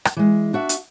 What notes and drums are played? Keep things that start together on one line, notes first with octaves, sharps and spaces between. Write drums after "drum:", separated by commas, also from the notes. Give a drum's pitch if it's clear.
drum: rim click
E3 G#3
D4 F#4 E5
drum: hi-hat